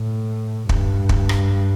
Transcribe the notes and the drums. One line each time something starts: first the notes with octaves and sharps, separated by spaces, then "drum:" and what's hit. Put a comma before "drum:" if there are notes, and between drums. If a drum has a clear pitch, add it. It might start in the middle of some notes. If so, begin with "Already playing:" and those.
Already playing: A2
G2, drum: kick
drum: kick
drum: rim click